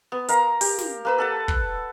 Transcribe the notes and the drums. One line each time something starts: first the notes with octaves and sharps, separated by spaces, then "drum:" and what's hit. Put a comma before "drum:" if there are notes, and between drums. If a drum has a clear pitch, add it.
B3
A#4 F5 A#5, drum: hi-hat
G4, drum: open hi-hat
drum: snare
A#3 B4 E6
A4 F#5 A5
drum: kick